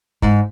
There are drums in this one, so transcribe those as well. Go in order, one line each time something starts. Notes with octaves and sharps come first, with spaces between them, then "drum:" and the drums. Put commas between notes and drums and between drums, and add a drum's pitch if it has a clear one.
G#2, drum: kick